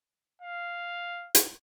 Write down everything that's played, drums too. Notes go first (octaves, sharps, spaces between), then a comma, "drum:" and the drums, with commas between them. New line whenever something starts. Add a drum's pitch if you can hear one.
F5
drum: hi-hat